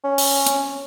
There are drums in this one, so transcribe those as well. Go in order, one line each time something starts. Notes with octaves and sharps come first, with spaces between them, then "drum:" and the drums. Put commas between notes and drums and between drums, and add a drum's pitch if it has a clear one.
C#4
drum: open hi-hat
drum: hi-hat